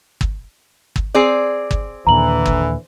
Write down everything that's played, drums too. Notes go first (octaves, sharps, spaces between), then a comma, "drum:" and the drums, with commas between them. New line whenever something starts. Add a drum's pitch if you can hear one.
drum: kick
drum: kick
C4 G#4 D5
drum: kick
D#2 A#2 D3 E3 A#5 F#7
drum: kick